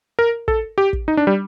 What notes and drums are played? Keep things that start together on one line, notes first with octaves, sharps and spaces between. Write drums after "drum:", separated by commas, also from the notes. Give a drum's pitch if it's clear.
A#4
A4, drum: kick
G4
drum: kick
D#4
D4
G3